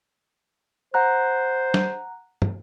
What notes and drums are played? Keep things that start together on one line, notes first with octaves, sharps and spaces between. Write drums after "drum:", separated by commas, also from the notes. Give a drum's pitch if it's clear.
C5 F#5 A#5 F#6
drum: snare
drum: tom